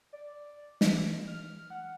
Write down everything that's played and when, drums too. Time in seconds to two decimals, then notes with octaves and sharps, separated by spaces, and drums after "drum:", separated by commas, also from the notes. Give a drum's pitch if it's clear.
0.13 D5
0.81 E3, drum: snare
1.27 F6
1.70 F#5